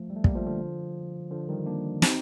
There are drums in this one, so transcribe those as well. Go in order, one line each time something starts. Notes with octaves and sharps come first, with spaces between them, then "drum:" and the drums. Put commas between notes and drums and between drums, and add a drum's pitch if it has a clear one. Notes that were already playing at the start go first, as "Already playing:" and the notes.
Already playing: F3 A3
G3
A3
G3 A#3, drum: kick
F3 A3
D3 F3
D3 F3
D#3 G3
A#3 D4
C4 D#4, drum: snare